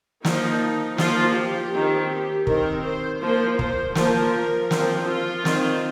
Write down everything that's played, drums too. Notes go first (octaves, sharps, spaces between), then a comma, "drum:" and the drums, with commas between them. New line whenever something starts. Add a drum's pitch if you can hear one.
F3 A#3 D#4, drum: snare
F3 A#3 F4, drum: snare
G4
D#3 C4
G4
D#3 C4 A#4, drum: kick
C5
F3 A#3 C5
C5, drum: kick
F3 A#3 A#4, drum: snare
F3 C4, drum: snare
F4
D#3 C4, drum: snare